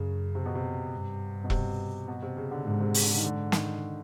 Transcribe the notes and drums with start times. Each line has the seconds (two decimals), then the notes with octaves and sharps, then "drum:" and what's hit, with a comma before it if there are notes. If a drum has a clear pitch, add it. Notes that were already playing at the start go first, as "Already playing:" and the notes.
Already playing: F#2 C#3
0.35 C3
0.45 B2
0.55 C3
0.92 G2
1.44 B2
1.50 C3, drum: kick E1
2.08 B2
2.22 C3
2.37 C#3
2.51 D3
2.65 G#2 C#3
2.80 C3
2.94 C#3, drum: open hi-hat
3.03 D3
3.09 C#3
3.17 D#3
3.23 G#2 D3
3.52 D#3, drum: snare